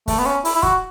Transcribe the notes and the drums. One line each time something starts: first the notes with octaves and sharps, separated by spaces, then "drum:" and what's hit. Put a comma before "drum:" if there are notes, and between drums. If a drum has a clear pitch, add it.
A3, drum: kick, open hi-hat
B3
C#4
E4, drum: open hi-hat
E4
F#4, drum: kick